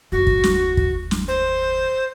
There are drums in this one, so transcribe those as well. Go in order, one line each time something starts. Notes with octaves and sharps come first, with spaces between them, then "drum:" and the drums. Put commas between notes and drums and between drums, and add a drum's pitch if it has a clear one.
F#1 D#2 F#4
drum: kick
drum: snare
drum: kick
drum: snare
C5